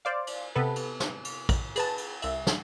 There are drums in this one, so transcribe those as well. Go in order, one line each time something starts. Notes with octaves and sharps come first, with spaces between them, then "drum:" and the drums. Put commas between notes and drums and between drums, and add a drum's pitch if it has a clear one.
C5 D5 F5
drum: cymbal
C3 B3 A4 B4
drum: cymbal
drum: snare
drum: cymbal
drum: kick, cymbal
G#4 B4 A5, drum: cymbal
drum: cymbal
C2 E5, drum: cymbal
drum: snare